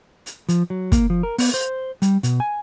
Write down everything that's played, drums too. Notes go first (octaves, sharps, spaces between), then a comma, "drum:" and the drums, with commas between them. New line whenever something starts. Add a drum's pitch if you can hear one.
drum: hi-hat
F3, drum: hi-hat
F#3
A#3, drum: kick, hi-hat
F3
A#4
B3, drum: open hi-hat
C5
G3, drum: hi-hat
B2, drum: hi-hat
G#5